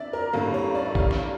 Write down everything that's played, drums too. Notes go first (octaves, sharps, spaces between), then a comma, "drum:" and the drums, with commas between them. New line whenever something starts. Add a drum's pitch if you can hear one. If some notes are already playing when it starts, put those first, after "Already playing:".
Already playing: G1 F2 D3 D5 E5
A#4
A1 G2 D3 G3 A#3 A4
C#5
D5
E5
F5, drum: kick
drum: snare